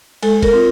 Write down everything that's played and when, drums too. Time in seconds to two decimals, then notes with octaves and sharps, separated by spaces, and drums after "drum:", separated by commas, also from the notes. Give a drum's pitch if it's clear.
0.23 G#3 A4, drum: cymbal
0.42 A#4, drum: kick F#1, cymbal
0.53 C4 F4